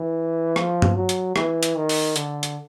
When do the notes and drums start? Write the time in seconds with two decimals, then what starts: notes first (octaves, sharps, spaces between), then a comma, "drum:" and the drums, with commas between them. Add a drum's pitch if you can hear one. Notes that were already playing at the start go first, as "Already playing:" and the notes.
Already playing: E3
0.56 F3, drum: rim click
0.82 drum: tom G2
0.96 F#3
1.09 drum: hi-hat
1.36 E3, drum: rim click
1.63 drum: hi-hat
1.75 D#3
1.89 drum: open hi-hat
2.16 D3, drum: hi-hat
2.43 drum: hi-hat